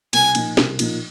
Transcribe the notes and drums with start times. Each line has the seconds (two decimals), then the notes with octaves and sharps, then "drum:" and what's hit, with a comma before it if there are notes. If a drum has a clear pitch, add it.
0.13 C2 G#5, drum: cymbal
0.35 A#2 F3 A#3 D#4, drum: cymbal
0.57 C2, drum: snare
0.79 A#2 F3 A#3 D#4, drum: cymbal